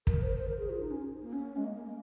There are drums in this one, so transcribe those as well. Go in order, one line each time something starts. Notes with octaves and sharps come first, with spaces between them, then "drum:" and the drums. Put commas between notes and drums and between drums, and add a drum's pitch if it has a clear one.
A#4, drum: kick
C5
C5
A#4
G#4
F4
D#4
C#4
A#3
C#4
G#3
A#3
A#3
A#3